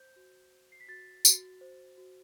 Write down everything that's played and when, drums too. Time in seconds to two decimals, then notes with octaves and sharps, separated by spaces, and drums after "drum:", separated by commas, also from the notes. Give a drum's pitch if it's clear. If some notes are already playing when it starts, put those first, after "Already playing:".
Already playing: C5 G6
0.16 F#4
0.52 C5
0.72 C7
0.80 B6
0.88 F#4 A6
1.25 F#4, drum: tambourine
1.61 C5
1.97 F#4